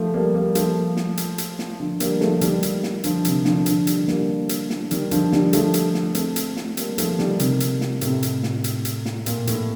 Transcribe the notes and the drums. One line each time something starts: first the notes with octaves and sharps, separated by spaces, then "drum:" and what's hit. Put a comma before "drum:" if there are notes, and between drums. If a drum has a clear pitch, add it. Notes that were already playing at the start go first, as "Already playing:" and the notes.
Already playing: F3 A3
G3 A#3
G3 A#3
F3 A3, drum: hi-hat
drum: snare
drum: hi-hat
drum: hi-hat
drum: snare
D3 F3
G3 A#3, drum: hi-hat
F3 A3, drum: snare
D#3 G3, drum: hi-hat
drum: hi-hat
drum: snare
D3 F3, drum: hi-hat
C3 D#3, drum: hi-hat
D3 F3, drum: snare
D3 F3, drum: hi-hat
D#3 G3, drum: hi-hat
G3 A#3, drum: snare
drum: hi-hat
drum: snare
D#3 G3, drum: hi-hat
D3 F3, drum: hi-hat
D#3 G3, drum: snare
F3 A3, drum: hi-hat
drum: hi-hat
drum: snare
A3 C4, drum: hi-hat
drum: hi-hat
drum: snare
G3 A#3, drum: hi-hat
F3 A3, drum: hi-hat
D#3 G3, drum: snare
C3 D#3, drum: hi-hat
drum: hi-hat
drum: snare
A2 C3, drum: hi-hat
drum: hi-hat
drum: snare
drum: hi-hat
drum: hi-hat
drum: snare
A#2, drum: hi-hat
A2, drum: hi-hat